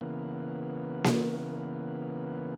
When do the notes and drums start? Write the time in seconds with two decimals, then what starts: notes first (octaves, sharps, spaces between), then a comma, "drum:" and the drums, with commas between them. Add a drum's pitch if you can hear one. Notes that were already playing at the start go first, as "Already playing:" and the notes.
0.01 C#3 E3 A#3 B3
1.04 drum: snare A#3